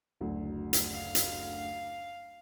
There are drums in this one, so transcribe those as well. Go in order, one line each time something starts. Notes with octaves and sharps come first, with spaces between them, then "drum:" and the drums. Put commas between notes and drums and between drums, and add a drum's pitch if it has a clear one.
F#1 D2 F#3
drum: hi-hat
F5
drum: hi-hat